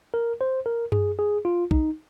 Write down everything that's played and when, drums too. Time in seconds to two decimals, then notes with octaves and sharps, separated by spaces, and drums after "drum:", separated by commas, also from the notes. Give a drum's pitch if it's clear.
0.14 A#4
0.41 C5
0.66 A#4
0.92 G#4, drum: tom F#2
1.19 G#4
1.45 F4
1.71 D#4, drum: kick B1